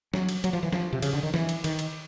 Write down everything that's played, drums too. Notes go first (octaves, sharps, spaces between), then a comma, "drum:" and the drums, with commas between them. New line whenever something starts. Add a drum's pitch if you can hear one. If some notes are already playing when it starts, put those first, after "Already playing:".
F#3, drum: snare
drum: cymbal
F#3, drum: cymbal
F3
E3
F3, drum: snare
C3
C#3, drum: cymbal
D3
D#3
E3, drum: snare
drum: cymbal
D#3, drum: cymbal
drum: cymbal